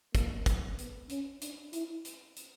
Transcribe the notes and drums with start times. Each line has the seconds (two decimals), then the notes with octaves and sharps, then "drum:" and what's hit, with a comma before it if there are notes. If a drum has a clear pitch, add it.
0.15 A#3, drum: kick, hi-hat
0.46 drum: kick, hi-hat
0.78 B3, drum: hi-hat
1.09 C#4, drum: hi-hat
1.42 D4, drum: hi-hat
1.73 E4, drum: hi-hat
2.05 drum: hi-hat
2.36 drum: hi-hat